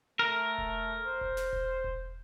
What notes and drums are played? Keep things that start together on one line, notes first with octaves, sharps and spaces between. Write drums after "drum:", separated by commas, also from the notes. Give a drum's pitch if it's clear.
A3 A#4
drum: kick E1
C5
drum: kick E1
drum: snare
drum: kick E1
drum: kick E1